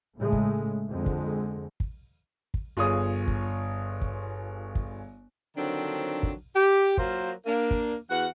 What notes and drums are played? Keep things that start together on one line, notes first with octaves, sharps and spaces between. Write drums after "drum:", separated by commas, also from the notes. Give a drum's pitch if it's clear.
A2 C#3 G#3 A3
drum: kick
F2 D3 G#3
drum: kick
drum: kick
drum: kick
G1 F4 G#4 C#5 D#6
drum: kick
drum: kick
drum: kick
D3 D#3 F3 F#3 C4 D4
drum: kick
G4
F#3 A#3 F4 A#4 C5, drum: kick
A#3 D4
drum: kick
E2 F#4 B4 F#5